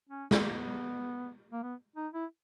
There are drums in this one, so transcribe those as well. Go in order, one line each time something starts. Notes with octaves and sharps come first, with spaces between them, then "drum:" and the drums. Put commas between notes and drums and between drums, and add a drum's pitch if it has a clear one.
C#4
C#4, drum: snare
B3
A#3
B3
A#3
B3
D#4
E4